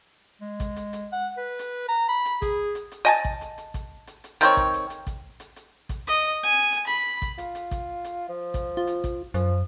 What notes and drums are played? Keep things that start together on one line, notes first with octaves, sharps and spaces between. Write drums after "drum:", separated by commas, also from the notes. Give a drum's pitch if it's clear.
G#3
drum: kick A1, hi-hat
drum: hi-hat
drum: hi-hat
F#5
B4
drum: hi-hat
A#5
B5
drum: hi-hat
G#4, drum: kick A1, hi-hat
drum: hi-hat
drum: hi-hat
D#5 G#5 A5
drum: kick A1
drum: hi-hat
drum: hi-hat
drum: kick A1, hi-hat
drum: hi-hat
drum: hi-hat
D#3 C4 C#5
drum: kick A1, hi-hat
drum: hi-hat
drum: hi-hat
drum: kick A1, hi-hat
drum: hi-hat
drum: hi-hat
drum: kick A1, hi-hat
D#5, drum: hi-hat
G#5
drum: hi-hat
B5, drum: hi-hat
drum: kick A1, hi-hat
F4, drum: hi-hat
drum: hi-hat
drum: kick A1, hi-hat
drum: hi-hat
F3
drum: kick A1, hi-hat
F4
drum: hi-hat
drum: kick A1, hi-hat
F#2 F3, drum: hi-hat